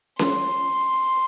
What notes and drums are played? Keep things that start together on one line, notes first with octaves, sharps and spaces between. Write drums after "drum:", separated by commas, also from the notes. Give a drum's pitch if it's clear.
C6, drum: snare C#4